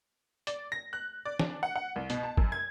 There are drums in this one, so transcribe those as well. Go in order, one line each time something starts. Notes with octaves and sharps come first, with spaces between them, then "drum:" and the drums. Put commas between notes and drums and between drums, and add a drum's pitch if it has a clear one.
D5, drum: hi-hat
A#6
F#6
D5
D4, drum: snare
F#5
F#5
C2
B2, drum: hi-hat
A5
F#2, drum: kick G#1
G#6